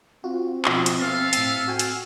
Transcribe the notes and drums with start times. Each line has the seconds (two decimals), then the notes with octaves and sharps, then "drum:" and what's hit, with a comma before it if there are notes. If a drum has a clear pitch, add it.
0.24 C4 F4 F#4
0.65 B2 F3 F#4, drum: clap
0.86 drum: hi-hat
1.00 B3 A4 E5 F5
1.33 A2 C7, drum: hi-hat
1.68 F#4 G5 G#5
1.79 drum: hi-hat